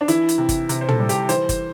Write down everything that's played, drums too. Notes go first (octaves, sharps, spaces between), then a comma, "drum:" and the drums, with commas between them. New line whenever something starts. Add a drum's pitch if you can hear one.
D4
E3 E4, drum: hi-hat
drum: hi-hat
C3
drum: kick G1, hi-hat
C3, drum: hi-hat
C5
A4, drum: tom
G3
G4, drum: hi-hat
E3 C5, drum: hi-hat
drum: kick G1, hi-hat